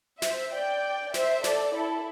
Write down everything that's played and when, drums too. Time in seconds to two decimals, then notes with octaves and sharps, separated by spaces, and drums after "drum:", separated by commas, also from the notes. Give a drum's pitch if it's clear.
0.22 C5 E5, drum: snare
0.52 D5 G5
1.14 C5 E5, drum: snare
1.44 A4 D5, drum: snare
1.75 E4 A4